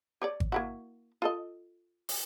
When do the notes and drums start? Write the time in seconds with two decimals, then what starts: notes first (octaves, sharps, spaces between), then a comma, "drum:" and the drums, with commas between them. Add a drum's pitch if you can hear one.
0.22 G4 C#5 D5
0.40 drum: kick G#1
0.52 A#3 E4 F#4
1.22 F4 A4 D#5
2.09 drum: open hi-hat